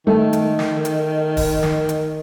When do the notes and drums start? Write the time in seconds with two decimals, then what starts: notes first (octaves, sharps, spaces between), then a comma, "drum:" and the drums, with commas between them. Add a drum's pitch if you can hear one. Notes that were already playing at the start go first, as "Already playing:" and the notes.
0.07 D#3 A3
0.33 drum: hi-hat
0.59 drum: snare
0.85 drum: hi-hat
1.37 drum: kick, open hi-hat
1.63 drum: snare
1.89 drum: hi-hat